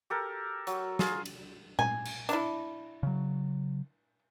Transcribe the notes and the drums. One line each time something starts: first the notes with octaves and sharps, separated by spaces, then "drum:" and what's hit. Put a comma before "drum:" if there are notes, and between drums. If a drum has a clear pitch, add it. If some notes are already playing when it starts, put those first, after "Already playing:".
G4 A4 A#4
F#3, drum: hi-hat
F4 G#4, drum: snare
drum: cymbal
G#5, drum: tom A#2
drum: cymbal
D4 E4, drum: hi-hat
C#3 F#3